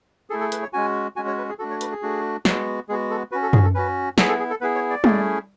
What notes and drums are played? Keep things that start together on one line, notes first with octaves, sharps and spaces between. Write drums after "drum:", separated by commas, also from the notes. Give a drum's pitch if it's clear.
A3 E4 G#4 A4
A4
B4, drum: hi-hat
C#5
G#3 C#4 F#4 G#5
G#3 C#4 F#4 G#5
C#5
B4
G#4
A3 D4 F#4 A4
C#5
B4, drum: hi-hat
G#4
A3 D4 F#4
G#3 B3 F#4, drum: snare
G#3 B3 F#4 G#4
A4
C#4 F#4 B4
A4
G#4, drum: tom F#2
A4
C#4 F#4 B4
B3 E4 G#4 A4, drum: snare
A4
G#4
A4
B3 E4 G#4 B4
C#5
D5
A3 C#4 E4 G#4, drum: tom G3